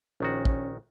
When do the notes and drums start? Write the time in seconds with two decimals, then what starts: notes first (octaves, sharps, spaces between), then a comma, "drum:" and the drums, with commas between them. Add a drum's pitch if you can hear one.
0.20 A#1 D#3 C#4 F#4
0.45 drum: kick